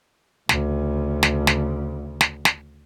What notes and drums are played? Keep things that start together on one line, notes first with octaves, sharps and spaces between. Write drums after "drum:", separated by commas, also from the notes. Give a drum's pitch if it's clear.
D2 C#3, drum: snare
drum: snare
drum: snare
drum: snare
drum: snare